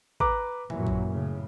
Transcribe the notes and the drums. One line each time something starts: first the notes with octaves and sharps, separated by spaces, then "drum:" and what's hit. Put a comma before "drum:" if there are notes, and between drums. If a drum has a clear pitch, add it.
B4 A#5 D6, drum: kick
F#2 A#2 E3 F#3, drum: tom A#2
drum: kick
A2 C#3